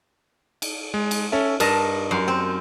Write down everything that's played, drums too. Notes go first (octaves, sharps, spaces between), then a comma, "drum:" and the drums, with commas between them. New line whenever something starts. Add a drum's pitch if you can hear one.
drum: cymbal
G#3
drum: cymbal
C#4 A4 E5
G2 A#4 D#5 A5, drum: cymbal
F#2 C6
C4